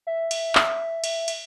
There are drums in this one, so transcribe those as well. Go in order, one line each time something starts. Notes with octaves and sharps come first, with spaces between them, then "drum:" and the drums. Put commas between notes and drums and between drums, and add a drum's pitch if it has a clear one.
E5
drum: cymbal
drum: clap
drum: cymbal
drum: cymbal